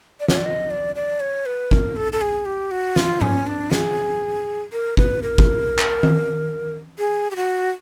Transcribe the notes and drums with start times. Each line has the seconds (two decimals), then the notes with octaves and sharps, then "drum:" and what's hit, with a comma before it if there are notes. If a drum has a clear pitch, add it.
0.20 D5
0.28 C#5, drum: snare
0.36 D5
0.45 D#5
0.70 D5
0.96 D5
1.20 C#5
1.46 B4
1.71 A#4, drum: kick G1
1.96 A4
2.13 A4
2.21 G#4
2.46 G4
2.71 F#4
2.96 F4, drum: snare
3.22 C#4, drum: tom G#2
3.47 D4
3.72 G#4, drum: snare
4.72 A#4
4.97 B4, drum: kick G1
5.23 A#4
5.38 drum: kick G1
5.79 drum: clap
6.03 drum: tom D#3
6.98 G#4
7.31 G4
7.36 F#4